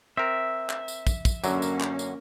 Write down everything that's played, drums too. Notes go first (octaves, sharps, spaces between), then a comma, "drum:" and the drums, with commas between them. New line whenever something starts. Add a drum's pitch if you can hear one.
C4 A#4 E5
drum: clap
drum: tambourine
drum: kick, tambourine
drum: kick, tambourine
F#2 D3 F#3 A#3 C#4, drum: tambourine
drum: tambourine
drum: clap
drum: tambourine